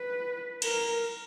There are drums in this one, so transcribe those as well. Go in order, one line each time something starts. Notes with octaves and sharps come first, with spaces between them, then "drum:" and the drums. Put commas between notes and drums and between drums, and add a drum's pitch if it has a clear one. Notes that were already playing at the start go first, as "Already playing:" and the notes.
Already playing: B4
A#4, drum: cymbal